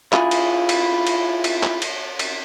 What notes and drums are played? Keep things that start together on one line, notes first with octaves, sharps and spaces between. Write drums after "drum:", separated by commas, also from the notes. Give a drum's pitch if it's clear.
E4 F4 G#4, drum: clap
drum: cymbal
drum: cymbal
drum: cymbal
drum: cymbal
drum: clap
drum: cymbal
drum: cymbal